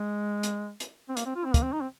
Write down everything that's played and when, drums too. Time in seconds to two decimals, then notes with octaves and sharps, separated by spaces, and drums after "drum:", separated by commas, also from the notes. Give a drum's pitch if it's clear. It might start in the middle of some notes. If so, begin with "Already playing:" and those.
Already playing: G#3
0.43 drum: hi-hat
0.80 drum: hi-hat
1.09 C4
1.17 A#3, drum: hi-hat
1.26 C4
1.36 F4
1.45 C4
1.54 A#3, drum: kick, hi-hat
1.63 C4
1.73 D#4
1.81 C4